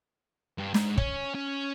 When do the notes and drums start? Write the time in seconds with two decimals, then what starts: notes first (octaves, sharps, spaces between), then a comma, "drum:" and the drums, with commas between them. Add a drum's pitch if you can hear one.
0.58 G2
0.74 G#2, drum: snare
0.98 C#4, drum: kick
1.35 C#4